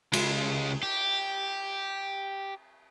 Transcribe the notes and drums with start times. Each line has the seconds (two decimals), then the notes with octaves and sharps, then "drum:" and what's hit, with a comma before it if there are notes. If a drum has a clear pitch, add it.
0.13 C#2 G#3, drum: cymbal
0.83 G4